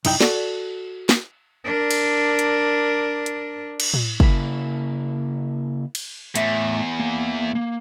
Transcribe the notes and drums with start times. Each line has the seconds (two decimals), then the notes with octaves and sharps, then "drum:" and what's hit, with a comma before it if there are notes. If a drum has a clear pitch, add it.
0.05 C2 F#2 D#4 E4 G5, drum: cymbal
0.21 F#4 A4 D5, drum: snare
1.09 drum: snare
1.65 D4 A#4
1.91 drum: cymbal
2.39 drum: hi-hat
3.26 drum: hi-hat
3.80 drum: cymbal
3.94 drum: tom A2
4.20 C#3 A#3 E4, drum: kick
5.95 drum: cymbal
6.35 E2 A2 E5, drum: hi-hat
7.00 A#3
7.55 A#3